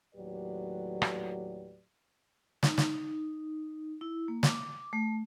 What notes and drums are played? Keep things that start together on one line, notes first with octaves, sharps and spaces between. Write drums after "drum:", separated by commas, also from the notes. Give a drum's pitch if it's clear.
D#2 A2 F#3 G4 B4 D5
drum: rim click
D#4, drum: snare
drum: snare
E4
A#3
D6, drum: snare
A3